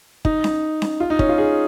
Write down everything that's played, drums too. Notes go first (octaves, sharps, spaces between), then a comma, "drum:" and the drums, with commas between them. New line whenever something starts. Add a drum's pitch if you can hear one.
D#4, drum: kick
drum: snare C#4
drum: snare C#4
F4
D#4
C#4, drum: kick
F4
G#4